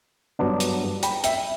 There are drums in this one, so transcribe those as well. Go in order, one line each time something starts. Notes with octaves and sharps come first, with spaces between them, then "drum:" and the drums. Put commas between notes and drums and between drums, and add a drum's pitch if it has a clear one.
G2 F#3 B3 D4
drum: hi-hat
G5 B5, drum: hi-hat
E5 G5, drum: hi-hat